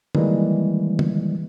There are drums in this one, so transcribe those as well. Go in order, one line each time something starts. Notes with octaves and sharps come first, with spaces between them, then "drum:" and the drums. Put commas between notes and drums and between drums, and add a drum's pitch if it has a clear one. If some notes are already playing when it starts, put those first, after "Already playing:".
D#3 E3 G3 G#3 A#3, drum: tom
drum: tom